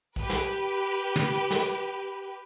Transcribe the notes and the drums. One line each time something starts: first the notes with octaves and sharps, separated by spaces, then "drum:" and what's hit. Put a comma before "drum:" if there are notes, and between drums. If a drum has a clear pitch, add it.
G4 B4, drum: kick B1
drum: snare
drum: tom
drum: snare